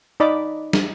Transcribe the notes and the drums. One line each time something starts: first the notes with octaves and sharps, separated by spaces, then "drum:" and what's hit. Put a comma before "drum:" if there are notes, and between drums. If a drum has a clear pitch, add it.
D#4 D5 D#5 B5 D6
drum: snare